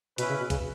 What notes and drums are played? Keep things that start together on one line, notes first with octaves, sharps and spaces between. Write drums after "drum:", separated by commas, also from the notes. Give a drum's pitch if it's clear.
B2 C#4 E4 B4, drum: hi-hat
C#3
B2
C#3, drum: kick B1, hi-hat